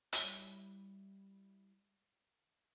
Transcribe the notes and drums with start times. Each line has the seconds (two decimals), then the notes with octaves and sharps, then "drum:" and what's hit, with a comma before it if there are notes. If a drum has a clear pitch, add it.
0.13 G3 E4 C#5, drum: hi-hat